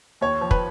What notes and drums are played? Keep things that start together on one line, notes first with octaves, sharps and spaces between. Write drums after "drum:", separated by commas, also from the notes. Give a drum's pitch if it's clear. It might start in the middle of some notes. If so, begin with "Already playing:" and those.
D#2 C#5
F3
B4, drum: kick